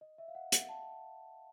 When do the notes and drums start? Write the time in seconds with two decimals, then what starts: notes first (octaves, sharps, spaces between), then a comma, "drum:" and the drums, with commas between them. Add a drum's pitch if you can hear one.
0.01 D#5
0.18 E5
0.28 F5
0.35 F#5
0.52 F#5, drum: hi-hat
0.69 A5